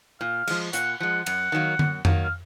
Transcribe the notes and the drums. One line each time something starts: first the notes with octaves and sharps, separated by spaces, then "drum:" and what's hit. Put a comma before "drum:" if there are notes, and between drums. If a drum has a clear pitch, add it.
A#2 F5
F3 G#3, drum: cymbal
A#2 F#5, drum: hi-hat
F3 G#3 F#5
F#2 F#5, drum: cymbal
D#3 F#3 A#3
F#2, drum: tom D3
D#3 F#3 A#3, drum: tom F2
F5